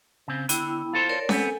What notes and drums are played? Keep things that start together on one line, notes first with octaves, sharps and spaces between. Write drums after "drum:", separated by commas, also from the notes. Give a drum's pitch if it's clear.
C#3 C4
D3 B3 E4 G5, drum: hi-hat
F4 A4 C5
A#4 C#5 D5
B3 C4 A4 G#5, drum: snare C#4